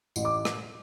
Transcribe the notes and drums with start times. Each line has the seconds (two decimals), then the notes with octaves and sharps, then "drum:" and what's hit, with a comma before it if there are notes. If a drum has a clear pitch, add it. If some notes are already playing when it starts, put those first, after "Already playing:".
0.16 A1, drum: tambourine
0.25 D6
0.45 drum: rim click